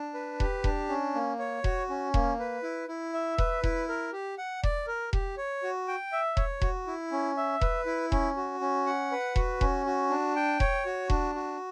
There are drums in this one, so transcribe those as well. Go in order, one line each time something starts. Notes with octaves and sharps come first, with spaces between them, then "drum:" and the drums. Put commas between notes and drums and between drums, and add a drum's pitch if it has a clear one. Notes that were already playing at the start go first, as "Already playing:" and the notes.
Already playing: D4
B4
G4, drum: kick E1
D4, drum: kick E1
C#4
A#3
C#5
F#4, drum: kick E1
C#4
A#3, drum: kick E1
B4
E4
E4
E5
B4, drum: kick E1
E4, drum: kick E1
A#4
G4
F#5
D5, drum: kick E1
A#4
G4, drum: kick E1
C#5
F#4
G5
E5
C#5, drum: kick E1
F#4, drum: kick E1
E4
C#4
E5
B4, drum: kick E1
E4
C#4, drum: kick E1
F#4
C#4
F#5
B4
F#4, drum: kick E1
C#4, drum: kick E1
F#4
D4
G5
C#5, drum: kick E1
F#4
D4, drum: kick E1
F#4